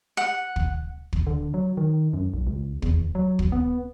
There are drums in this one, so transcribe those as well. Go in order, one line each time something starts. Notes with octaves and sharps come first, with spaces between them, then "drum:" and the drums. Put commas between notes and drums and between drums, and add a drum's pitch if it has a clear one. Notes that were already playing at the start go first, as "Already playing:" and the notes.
F#5
drum: kick
drum: kick
D3
F#3
D#3
F#2
B1
C#2
E2, drum: kick
F#3
drum: kick
B3